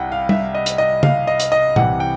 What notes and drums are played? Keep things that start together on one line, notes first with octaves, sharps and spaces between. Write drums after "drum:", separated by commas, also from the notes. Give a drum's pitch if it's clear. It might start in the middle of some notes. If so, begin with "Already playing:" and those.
Already playing: C2 F#5 G5
F5
E5, drum: tom G3
D#5
drum: hi-hat
D#5
F5, drum: tom C#3
D#5
drum: hi-hat
D#5
C2 C3 E3 F#5, drum: tom A#2
G5